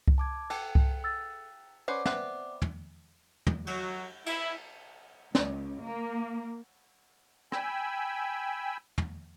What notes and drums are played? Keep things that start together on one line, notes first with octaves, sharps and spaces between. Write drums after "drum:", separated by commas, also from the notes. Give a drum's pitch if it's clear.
drum: kick C2
A5 D6 G#6
A4 G5 F#6, drum: cymbal
drum: kick C2
E6 A6
C#4 B4 C5 D5 F#5 D6
B3 C4 B4 E5, drum: snare
drum: tom
drum: tom
F#3, drum: cymbal
E4, drum: cymbal
C#2, drum: snare
A#3
G5 G#5 B5 E6, drum: rim click
drum: tom